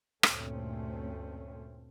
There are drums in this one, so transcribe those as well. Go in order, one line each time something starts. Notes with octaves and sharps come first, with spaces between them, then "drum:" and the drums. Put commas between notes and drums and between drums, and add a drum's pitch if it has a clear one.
D2 G2 A#2 A3 C4 C#4, drum: rim click